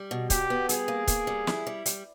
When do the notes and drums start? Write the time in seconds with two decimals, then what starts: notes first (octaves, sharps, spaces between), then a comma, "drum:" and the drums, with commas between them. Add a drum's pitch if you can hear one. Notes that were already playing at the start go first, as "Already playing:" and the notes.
Already playing: G3
0.11 B2
0.30 B2 G4, drum: kick, hi-hat
0.50 B3
0.69 G3 G#4, drum: hi-hat
0.88 A#3
1.08 A#3, drum: kick, hi-hat
1.27 G3
1.47 E4, drum: snare
1.67 G3
1.86 G3, drum: hi-hat